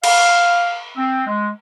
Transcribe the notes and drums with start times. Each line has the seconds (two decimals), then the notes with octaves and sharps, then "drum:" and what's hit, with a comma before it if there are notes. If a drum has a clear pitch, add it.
0.04 F5, drum: cymbal
0.97 C4
1.27 G#3